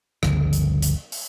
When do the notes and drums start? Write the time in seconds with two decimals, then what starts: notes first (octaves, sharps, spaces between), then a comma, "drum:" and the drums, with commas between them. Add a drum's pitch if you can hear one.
0.23 G1 D2 C#3 F3, drum: rim click
0.52 drum: hi-hat
0.82 drum: hi-hat
1.12 drum: open hi-hat